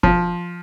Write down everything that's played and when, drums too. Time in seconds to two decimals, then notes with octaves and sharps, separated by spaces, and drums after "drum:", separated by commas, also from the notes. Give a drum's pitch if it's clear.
0.03 F3, drum: kick